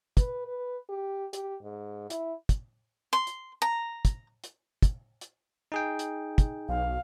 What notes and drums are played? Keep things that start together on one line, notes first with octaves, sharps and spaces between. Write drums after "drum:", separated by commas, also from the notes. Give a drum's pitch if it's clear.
B4, drum: kick, hi-hat
B4
G4
G4, drum: hi-hat
G#2
E4, drum: hi-hat
drum: kick, hi-hat
C6
drum: hi-hat
A#5
drum: kick, hi-hat
drum: hi-hat
drum: kick, hi-hat
drum: hi-hat
D#4 G#4 G5
drum: hi-hat
drum: kick, hi-hat
B1 F5